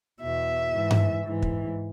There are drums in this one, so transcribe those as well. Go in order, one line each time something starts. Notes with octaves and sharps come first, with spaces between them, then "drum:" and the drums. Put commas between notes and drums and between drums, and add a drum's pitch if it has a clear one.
E2 B2 E5
G#2 E3
drum: tom G2
G#2 E3
drum: kick